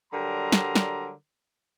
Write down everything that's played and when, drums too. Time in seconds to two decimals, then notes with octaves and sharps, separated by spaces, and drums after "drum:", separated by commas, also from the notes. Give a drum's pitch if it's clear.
0.13 D3 F#3 G3 A#4 A#5 C6
0.52 drum: snare
0.75 drum: snare